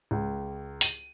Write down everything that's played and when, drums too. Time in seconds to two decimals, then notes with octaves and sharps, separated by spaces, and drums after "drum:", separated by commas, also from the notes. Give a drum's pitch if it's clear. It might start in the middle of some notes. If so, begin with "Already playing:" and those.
0.11 C#2
0.81 D#7, drum: open hi-hat